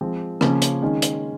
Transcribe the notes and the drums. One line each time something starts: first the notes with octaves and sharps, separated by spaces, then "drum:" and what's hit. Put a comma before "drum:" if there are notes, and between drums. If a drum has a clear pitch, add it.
F3 G#3 C4
C#3 F3 A#3 C#4, drum: rim click
drum: hi-hat
D#3 G#3 C#4
drum: hi-hat